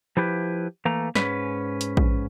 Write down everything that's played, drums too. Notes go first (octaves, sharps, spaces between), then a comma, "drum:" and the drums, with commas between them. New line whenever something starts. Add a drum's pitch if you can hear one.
F3 E4 G4 B4
E3 A3 A#3 A#5
G#2 C#4 B4, drum: snare
drum: hi-hat
drum: kick A#1